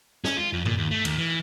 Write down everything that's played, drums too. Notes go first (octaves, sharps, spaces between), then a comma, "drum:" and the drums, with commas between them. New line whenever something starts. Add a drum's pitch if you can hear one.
C#4, drum: snare
F4
F2
A#2, drum: tom G2
D#2
A3
D#2, drum: cymbal
E3